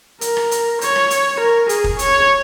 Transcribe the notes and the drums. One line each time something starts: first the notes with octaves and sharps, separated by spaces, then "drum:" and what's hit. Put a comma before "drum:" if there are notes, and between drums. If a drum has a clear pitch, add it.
A#4, drum: hi-hat
drum: rim click
drum: hi-hat
C#5, drum: hi-hat
drum: rim click
drum: hi-hat
A#4
G#4, drum: hi-hat
drum: kick F1
C#5, drum: hi-hat